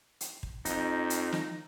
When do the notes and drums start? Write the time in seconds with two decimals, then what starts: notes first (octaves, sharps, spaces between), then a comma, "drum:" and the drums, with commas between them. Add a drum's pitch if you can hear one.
0.21 drum: hi-hat
0.43 drum: kick
0.65 F2 D#4, drum: hi-hat
1.10 drum: hi-hat
1.32 drum: snare